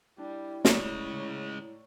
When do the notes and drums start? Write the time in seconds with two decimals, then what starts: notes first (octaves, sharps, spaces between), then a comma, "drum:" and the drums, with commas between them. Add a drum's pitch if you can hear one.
0.18 G3 D4 E4
0.65 A2 C#3 G#3 C#5 D5 A#5, drum: snare